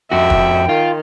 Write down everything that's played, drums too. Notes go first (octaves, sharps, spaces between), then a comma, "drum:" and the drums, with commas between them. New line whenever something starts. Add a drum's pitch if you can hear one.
F2 F#4 E5 G5
drum: kick
D#3 F4